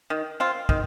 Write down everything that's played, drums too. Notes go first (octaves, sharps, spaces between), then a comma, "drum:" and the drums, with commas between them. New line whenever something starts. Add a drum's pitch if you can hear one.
D#3
C4 F4
D#3, drum: kick